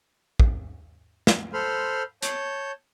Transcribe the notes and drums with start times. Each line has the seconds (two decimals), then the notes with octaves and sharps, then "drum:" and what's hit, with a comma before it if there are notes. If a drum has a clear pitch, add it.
0.40 drum: kick
1.27 drum: snare
1.53 A4 C5 B5 C6 F6
2.22 C#5 A5 G6, drum: hi-hat